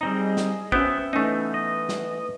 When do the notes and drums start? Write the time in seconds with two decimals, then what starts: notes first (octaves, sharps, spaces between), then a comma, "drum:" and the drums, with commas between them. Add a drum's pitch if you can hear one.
0.01 G3 C4 D#4 G#4 D#5
0.37 drum: snare
0.72 B3 C#4 F#4 C5 E5 G5, drum: kick
1.13 E3 A3 B3 C#4 D#4
1.54 D#5
1.89 drum: snare